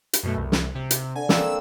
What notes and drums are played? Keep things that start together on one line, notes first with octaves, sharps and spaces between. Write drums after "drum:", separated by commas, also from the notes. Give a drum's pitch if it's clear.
drum: hi-hat
F#2 B2 A3
C2
drum: snare
C3
drum: hi-hat
D3 G#5
A#3 C4 E6, drum: snare